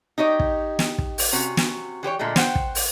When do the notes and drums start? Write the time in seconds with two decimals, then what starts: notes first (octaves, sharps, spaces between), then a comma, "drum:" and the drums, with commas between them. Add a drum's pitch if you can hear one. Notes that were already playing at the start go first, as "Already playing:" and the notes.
0.18 D#4 G4 C#5 D#5
0.40 drum: kick
0.79 drum: snare
0.98 drum: kick
1.18 drum: open hi-hat
1.32 C3 C#4 F#4
1.57 drum: snare
2.03 E3 G4 C5 C#5
2.19 A#2 D3 G#3 A3
2.36 C5 F#5 G5, drum: snare
2.55 drum: kick
2.75 drum: open hi-hat